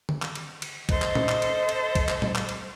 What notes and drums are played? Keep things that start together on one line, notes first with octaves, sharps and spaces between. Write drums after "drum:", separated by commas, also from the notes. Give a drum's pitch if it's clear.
drum: tom D3
drum: clap
drum: cymbal
drum: cymbal
A4 C5 D#5, drum: kick, cymbal
drum: clap
drum: tom A#2
drum: clap
drum: cymbal
drum: cymbal
drum: kick, cymbal
drum: clap
drum: tom A#2
drum: clap
drum: cymbal